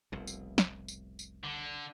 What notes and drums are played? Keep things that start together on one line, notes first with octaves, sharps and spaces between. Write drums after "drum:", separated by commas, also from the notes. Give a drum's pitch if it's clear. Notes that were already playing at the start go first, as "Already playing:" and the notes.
F1 C2 B2
drum: tambourine
drum: snare
drum: tambourine
drum: tambourine
D3